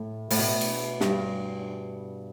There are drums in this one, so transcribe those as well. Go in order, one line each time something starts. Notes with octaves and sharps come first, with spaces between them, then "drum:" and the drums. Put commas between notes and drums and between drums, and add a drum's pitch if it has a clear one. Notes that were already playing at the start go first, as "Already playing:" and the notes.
Already playing: A2
A2, drum: open hi-hat
B2
drum: cymbal
G2, drum: snare